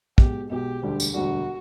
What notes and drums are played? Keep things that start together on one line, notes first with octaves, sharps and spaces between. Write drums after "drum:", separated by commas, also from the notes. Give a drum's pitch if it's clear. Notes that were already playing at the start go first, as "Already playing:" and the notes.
B1 B2 G#3 G4, drum: kick
B1 B2 G#3 G4
E1 D2 D3 G3
drum: tambourine
E1 D2 D3 G3 F#4